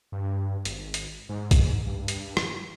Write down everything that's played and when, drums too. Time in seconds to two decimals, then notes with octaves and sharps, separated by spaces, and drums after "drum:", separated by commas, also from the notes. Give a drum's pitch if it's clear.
0.12 G2
0.65 G#1, drum: hi-hat
0.94 drum: hi-hat
1.29 G#2
1.51 drum: kick, hi-hat
1.86 G2
2.08 drum: hi-hat
2.37 drum: rim click